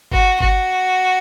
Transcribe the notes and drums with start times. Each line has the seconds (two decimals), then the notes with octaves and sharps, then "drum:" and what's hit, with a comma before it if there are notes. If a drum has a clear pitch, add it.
0.12 F#4, drum: kick G1
0.40 F#4, drum: kick G1